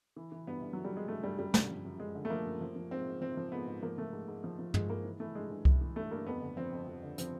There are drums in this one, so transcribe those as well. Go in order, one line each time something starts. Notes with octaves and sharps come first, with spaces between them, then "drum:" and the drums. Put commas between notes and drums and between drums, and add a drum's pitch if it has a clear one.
E3
E3
G2 B3
G2
E3 F#3
G3
E3 G#3
G2 A3
G2 G3
F#2 G3
D3, drum: snare
F3
F#2
F#2 G#3
D3
A3
F3 A#3
F#2
F3
F3
G#2 C4
G#2
F3 C4
F3
G#2 B3
G#2
F3 A#3
F3 A3
G#2
G#2
F3
F3
G#2 G#3, drum: tom
G#2 A#3
E3
E3 A3
G2 G#3
G2
E3, drum: kick C2
E3
G2 A3
G2 A#3
F2 B3
D3
F3 C4
F2
F2
D3
F3 C4, drum: hi-hat